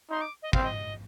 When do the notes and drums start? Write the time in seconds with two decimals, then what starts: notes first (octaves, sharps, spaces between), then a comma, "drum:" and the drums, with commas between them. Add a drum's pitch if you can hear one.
0.10 D#4 C6
0.21 D6
0.42 D#5
0.53 C4 F5, drum: kick
0.63 D#5